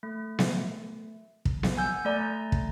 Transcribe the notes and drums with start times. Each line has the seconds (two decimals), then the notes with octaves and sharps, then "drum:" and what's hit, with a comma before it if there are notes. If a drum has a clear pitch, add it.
0.03 A3
0.39 drum: snare B3
1.45 drum: kick
1.63 drum: snare B3
1.77 F#5 G#5 E6 G6
2.05 A3 D5 A#5
2.52 drum: kick